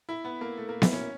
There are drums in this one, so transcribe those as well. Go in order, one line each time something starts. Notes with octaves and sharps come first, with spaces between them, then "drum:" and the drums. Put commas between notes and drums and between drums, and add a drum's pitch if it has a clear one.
E4
B3
A#3
A3
A#3
E4, drum: snare B3
C#4